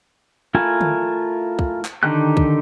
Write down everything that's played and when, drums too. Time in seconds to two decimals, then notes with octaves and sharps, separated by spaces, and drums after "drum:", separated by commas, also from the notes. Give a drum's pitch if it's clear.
0.55 A3 E4 F4 A#4 G#5
0.81 drum: tom D3
1.59 drum: kick
1.85 drum: clap
2.03 D3 D#3 D#4 G4 F#6
2.37 drum: kick